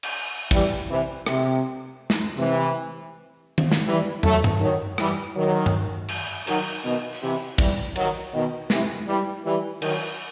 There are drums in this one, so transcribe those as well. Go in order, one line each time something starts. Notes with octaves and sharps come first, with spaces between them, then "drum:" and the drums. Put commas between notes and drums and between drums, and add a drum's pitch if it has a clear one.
drum: cymbal
E3 G3, drum: kick
C3 E3
C3, drum: rim click
drum: snare
C3 E3, drum: tambourine
drum: tom D#3
drum: snare
E3 G3
F#3 A3, drum: tom
drum: tom G2
D#3 F#3
E3 G3, drum: rim click
D#3 F#3
drum: tom G2
drum: cymbal
D#3 F#3, drum: cymbal
B2 D#3
drum: open hi-hat
C3 E3
E3 G3, drum: kick
D#3 F#3, drum: cymbal
B2 D#3
C3 E3, drum: snare
E3 G3
E3 G3
D#3 F#3, drum: cymbal